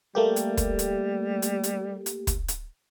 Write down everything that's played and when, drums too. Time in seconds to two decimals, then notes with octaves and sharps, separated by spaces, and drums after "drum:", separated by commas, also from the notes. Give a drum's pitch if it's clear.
0.15 G3 A3 A#3 G4
0.36 drum: hi-hat
0.57 drum: kick, hi-hat
0.79 drum: hi-hat
1.42 drum: hi-hat
1.64 drum: hi-hat
2.06 drum: hi-hat
2.27 drum: kick, hi-hat
2.48 drum: hi-hat